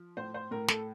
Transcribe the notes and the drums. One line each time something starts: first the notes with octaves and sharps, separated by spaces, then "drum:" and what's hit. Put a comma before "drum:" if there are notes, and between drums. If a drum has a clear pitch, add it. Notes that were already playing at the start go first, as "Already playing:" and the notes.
Already playing: F3
A2 C5
C5
A2 A#4
A4, drum: snare